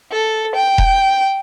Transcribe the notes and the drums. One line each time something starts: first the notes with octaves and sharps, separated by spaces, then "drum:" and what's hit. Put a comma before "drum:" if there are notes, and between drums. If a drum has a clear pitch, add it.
A4
G5
drum: kick E1